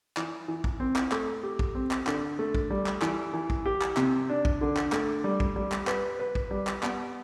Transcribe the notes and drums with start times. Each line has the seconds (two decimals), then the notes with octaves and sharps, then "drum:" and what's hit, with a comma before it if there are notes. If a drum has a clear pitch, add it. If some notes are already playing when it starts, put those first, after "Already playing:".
0.17 E3, drum: clap
0.48 E3
0.64 drum: kick
0.80 C4
0.96 drum: clap
1.12 A3, drum: clap
1.43 G4
1.59 drum: kick
1.75 C4
1.91 drum: clap
2.07 D3, drum: clap
2.39 A3
2.55 drum: kick
2.70 G3
2.86 drum: clap
3.02 E3, drum: clap
3.34 E3
3.50 drum: kick
3.66 G4
3.81 drum: clap
3.97 C3, drum: clap
4.29 D4
4.45 drum: kick
4.61 D3
4.77 drum: clap
4.92 A3, drum: clap
5.24 G3
5.40 drum: kick
5.56 G3
5.72 drum: clap
5.87 B4, drum: clap
6.20 B4
6.35 drum: kick
6.51 G3
6.67 drum: clap
6.83 B3, drum: clap